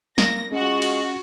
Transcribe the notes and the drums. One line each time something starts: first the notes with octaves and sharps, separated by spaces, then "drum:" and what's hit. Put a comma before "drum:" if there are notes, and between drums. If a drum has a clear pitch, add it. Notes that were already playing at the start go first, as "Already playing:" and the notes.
A#3 A#6, drum: snare
G#3 C#4 F4 F#4 F#5
drum: cymbal